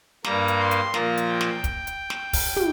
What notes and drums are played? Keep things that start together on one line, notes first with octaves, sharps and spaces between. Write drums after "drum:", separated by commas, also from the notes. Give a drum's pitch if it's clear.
G2 G3 A#3 A#5, drum: snare
drum: hi-hat
C6
drum: hi-hat
A#2 F3 A#3 A#5, drum: snare
drum: hi-hat
G5
drum: snare
drum: kick, hi-hat
drum: hi-hat
drum: snare
drum: kick, open hi-hat
drum: tom